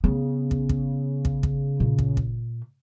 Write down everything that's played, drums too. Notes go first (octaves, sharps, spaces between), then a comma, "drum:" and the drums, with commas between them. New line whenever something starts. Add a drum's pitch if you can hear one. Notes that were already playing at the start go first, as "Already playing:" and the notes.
C#3 B3
drum: kick
drum: kick
drum: kick
drum: kick
A#2
drum: kick
drum: kick